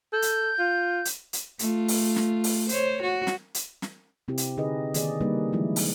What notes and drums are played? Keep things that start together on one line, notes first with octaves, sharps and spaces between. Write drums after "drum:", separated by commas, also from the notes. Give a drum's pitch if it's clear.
A4 G6
drum: hi-hat
F4
drum: hi-hat
drum: hi-hat
A3 F4, drum: hi-hat
drum: open hi-hat
drum: snare
drum: open hi-hat
C5 C#5, drum: hi-hat
F#4
drum: snare
drum: hi-hat
drum: snare
C3 C4 E4 G4
drum: hi-hat
D3 D#4 G#4 B4 D#5
D#3 A#3 B3 G#4 D5 D#5, drum: hi-hat
C#3 G3 A#3 D4 D#4 B4
D#3 F3 G#3 E4
drum: open hi-hat